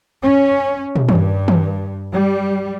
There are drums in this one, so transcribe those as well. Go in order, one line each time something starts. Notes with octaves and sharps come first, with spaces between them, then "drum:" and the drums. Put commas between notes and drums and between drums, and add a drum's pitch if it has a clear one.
C#4
drum: tom
G2, drum: tom D#3
drum: tom D#3
G3